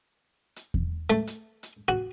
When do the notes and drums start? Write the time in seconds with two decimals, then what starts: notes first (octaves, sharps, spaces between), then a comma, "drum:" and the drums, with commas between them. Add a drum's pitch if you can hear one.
0.56 drum: hi-hat
0.74 drum: kick E2
1.10 A3
1.27 drum: hi-hat
1.63 drum: hi-hat
1.88 F#4